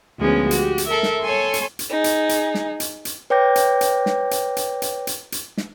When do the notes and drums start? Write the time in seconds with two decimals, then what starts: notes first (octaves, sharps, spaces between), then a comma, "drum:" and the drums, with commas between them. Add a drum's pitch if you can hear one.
0.19 D2 F3 G#3 B3 C#4
0.51 F#4 G4, drum: hi-hat
0.78 drum: hi-hat
0.87 A4 A#4 E5
1.03 drum: snare
1.22 A4 C#5 G#5 C6 C#6
1.54 drum: hi-hat
1.79 drum: hi-hat
1.90 D#4 G#4
2.04 drum: hi-hat
2.29 drum: hi-hat
2.55 drum: snare
2.80 drum: hi-hat
3.05 drum: hi-hat
3.30 B4 C#5 G5 D6 G6 A#6
3.56 drum: hi-hat
3.81 drum: hi-hat
4.06 drum: snare
4.31 drum: hi-hat
4.57 drum: hi-hat
4.82 drum: hi-hat
5.07 drum: hi-hat
5.32 drum: hi-hat
5.57 drum: snare